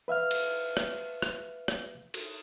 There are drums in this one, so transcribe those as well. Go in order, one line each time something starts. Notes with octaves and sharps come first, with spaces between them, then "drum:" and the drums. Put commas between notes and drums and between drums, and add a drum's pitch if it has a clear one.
B4 E5 F5 F6
drum: cymbal
drum: rim click
drum: rim click
drum: rim click
drum: cymbal